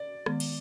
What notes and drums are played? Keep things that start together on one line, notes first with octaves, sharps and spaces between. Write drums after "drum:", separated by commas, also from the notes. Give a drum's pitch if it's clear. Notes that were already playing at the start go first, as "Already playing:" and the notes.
Already playing: D5
D#3 G#3 B3, drum: rim click
drum: cymbal